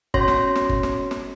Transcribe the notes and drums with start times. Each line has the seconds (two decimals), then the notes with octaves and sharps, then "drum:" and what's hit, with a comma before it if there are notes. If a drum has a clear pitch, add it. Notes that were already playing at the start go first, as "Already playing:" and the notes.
0.14 C#4 F#4 C#5 C6 A#6, drum: kick G1
0.28 drum: snare
0.55 drum: snare
0.69 drum: kick G1
0.83 drum: snare
1.11 drum: snare